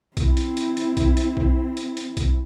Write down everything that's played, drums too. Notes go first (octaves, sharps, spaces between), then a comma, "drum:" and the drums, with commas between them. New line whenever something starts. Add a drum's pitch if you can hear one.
C4 E4, drum: kick B1, hi-hat
drum: hi-hat
drum: hi-hat
drum: hi-hat
drum: kick B1, hi-hat
drum: hi-hat
drum: kick B1
drum: hi-hat
drum: hi-hat
drum: kick B1, hi-hat